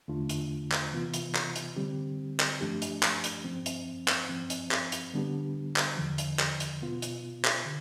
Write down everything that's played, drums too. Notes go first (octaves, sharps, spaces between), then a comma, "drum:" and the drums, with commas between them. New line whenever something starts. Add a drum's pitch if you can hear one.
E2 D3 A3 D4 F4
drum: hi-hat
drum: clap
C3 E3 B3 F4
drum: hi-hat
drum: clap
drum: hi-hat
D3 G3 C4 G4
drum: clap
G2 F3 A3 D4 G4
drum: hi-hat
drum: clap
drum: hi-hat
G2 F3 C4
drum: hi-hat
drum: clap
G2 F3 C4
drum: hi-hat
drum: clap
drum: hi-hat
D3 G3 B3 D4 G4
drum: clap
E2 D3 F3
drum: hi-hat
drum: clap
drum: hi-hat
B2 B3 F4
drum: hi-hat
drum: clap
D3